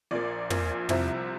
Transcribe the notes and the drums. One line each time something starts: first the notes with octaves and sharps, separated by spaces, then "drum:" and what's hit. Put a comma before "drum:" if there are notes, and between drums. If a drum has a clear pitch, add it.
A#1 A#2 F3 A#3 D5
A#1 A#2 F3 A#3, drum: tom
C2 C3 F3 C4 E4 E5, drum: tom